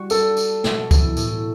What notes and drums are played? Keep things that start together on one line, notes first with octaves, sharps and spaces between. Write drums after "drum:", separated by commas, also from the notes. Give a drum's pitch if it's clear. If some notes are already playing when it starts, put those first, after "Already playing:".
Already playing: G3 F#4
D4 A4, drum: tambourine
D4, drum: tambourine
B2, drum: snare
E3, drum: kick C#2, tambourine
A2, drum: tambourine